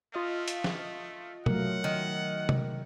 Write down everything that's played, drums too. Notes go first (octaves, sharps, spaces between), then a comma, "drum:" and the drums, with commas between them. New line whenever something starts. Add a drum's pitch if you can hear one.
A3 F4 D#5 F5
drum: hi-hat
drum: snare
F#3 A3 A#4 F#5, drum: tom B2
D#3
drum: tom C3